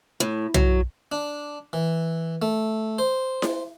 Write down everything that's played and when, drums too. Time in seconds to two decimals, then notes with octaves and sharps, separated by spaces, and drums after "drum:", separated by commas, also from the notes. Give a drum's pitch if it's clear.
0.20 A2
0.54 F#3, drum: tom
1.12 D4
1.73 E3
2.42 A3
2.99 C5
3.42 drum: snare E4